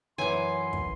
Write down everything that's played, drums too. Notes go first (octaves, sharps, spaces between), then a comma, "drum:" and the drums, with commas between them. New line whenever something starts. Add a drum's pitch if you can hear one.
F#2 E3 G#5 C6 D6
drum: kick